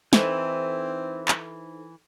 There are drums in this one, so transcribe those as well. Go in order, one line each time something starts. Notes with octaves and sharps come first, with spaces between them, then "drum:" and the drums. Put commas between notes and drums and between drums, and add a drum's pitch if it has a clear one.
E3 C4 D#4 A4 C5, drum: snare
drum: clap